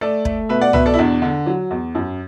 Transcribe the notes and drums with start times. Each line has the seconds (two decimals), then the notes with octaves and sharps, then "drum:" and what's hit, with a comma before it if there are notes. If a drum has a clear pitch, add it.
0.01 A3 A4 D5
0.25 A3, drum: kick
0.49 B2 B4 E5
0.61 D5 F#5
0.73 B2 B4 E5, drum: tom
0.86 A4 D5
0.94 E4
0.98 E2 D4
1.22 D3
1.46 F#3
1.71 E2
1.95 F#2